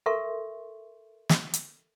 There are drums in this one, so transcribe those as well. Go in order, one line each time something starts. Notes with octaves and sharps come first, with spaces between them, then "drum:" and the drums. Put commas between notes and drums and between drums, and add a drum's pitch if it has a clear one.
A4 A#4 E5 C6 C#6
drum: snare
drum: hi-hat